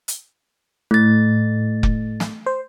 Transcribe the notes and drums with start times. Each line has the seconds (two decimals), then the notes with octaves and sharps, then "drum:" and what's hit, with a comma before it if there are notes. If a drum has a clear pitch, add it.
0.08 drum: hi-hat
0.91 A2 A3 A6
1.83 drum: kick F1
2.20 drum: snare
2.46 C5